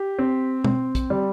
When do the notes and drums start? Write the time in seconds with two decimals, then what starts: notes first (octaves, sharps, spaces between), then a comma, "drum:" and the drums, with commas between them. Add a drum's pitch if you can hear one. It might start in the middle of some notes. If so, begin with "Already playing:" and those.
Already playing: G4
0.19 C4
0.64 C4, drum: tom
0.95 drum: kick, hi-hat
1.10 G3